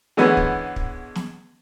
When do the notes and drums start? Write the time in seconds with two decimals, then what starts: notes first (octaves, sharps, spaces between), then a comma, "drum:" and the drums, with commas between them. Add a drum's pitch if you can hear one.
0.17 D3 E3 G#3 B3 C#4 B4
0.37 drum: kick
0.76 drum: kick
1.15 drum: snare